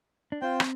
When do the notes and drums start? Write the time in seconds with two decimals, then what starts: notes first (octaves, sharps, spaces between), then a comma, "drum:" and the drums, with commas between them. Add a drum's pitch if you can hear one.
0.32 D4
0.42 C4 F4 C5 G5
0.60 drum: rim click